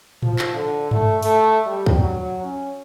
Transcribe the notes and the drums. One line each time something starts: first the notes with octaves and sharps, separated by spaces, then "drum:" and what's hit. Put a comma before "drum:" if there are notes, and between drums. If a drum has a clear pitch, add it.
F3, drum: tom A2
drum: clap
D3
A3, drum: tom G2
A3, drum: open hi-hat
G3
drum: kick
F#3
C#4